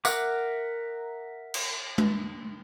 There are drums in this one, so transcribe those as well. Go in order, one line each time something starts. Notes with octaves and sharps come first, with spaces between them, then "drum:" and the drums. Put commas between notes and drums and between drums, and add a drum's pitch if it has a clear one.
A#4 E5 F#5 D6, drum: tambourine
drum: cymbal
drum: tom G#3